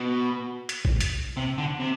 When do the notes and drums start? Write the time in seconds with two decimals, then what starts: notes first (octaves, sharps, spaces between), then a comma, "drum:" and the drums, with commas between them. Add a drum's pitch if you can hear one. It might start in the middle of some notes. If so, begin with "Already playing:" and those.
Already playing: B2
0.69 drum: hi-hat
0.85 drum: kick A1
1.01 drum: hi-hat
1.37 C3
1.58 D3
1.80 C3